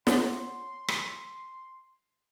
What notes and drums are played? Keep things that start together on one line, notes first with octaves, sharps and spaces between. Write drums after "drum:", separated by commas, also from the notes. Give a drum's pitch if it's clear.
C#5 F#5 C6, drum: snare
drum: rim click